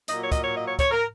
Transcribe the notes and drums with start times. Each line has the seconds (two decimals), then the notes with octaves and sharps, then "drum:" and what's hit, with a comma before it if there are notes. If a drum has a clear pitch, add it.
0.08 A#2 F#3 A#3 D#5, drum: hi-hat
0.20 C#5
0.32 D#5, drum: kick, hi-hat
0.44 C#5
0.56 D#5
0.67 C#5
0.79 C#5, drum: kick, hi-hat
0.91 A#4